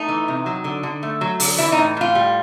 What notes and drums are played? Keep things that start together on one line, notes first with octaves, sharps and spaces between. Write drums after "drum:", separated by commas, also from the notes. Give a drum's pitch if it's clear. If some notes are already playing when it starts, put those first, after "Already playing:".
Already playing: A3 D#4
E3
C3
F#3
D3
D3
A3
F#3
D3, drum: open hi-hat
E3 E4
D#4
A2
A2 F4
G3